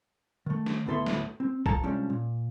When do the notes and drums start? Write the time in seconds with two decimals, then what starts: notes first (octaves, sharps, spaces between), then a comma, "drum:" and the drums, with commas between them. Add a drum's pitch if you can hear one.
0.46 D#3 A3
0.66 drum: snare
0.86 D2 A2 B3 A4 E5 C6
1.07 drum: snare
1.40 C4
1.66 F3 A4 A5 A#5, drum: kick
1.83 C3 F3 G3 G#3 C#4 D4
2.10 A#2